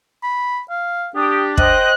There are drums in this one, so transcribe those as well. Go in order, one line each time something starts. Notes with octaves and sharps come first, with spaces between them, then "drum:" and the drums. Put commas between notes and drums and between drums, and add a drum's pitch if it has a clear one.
B5
F5
D4 G4 D#6
C5 D#5 G5 F#6, drum: kick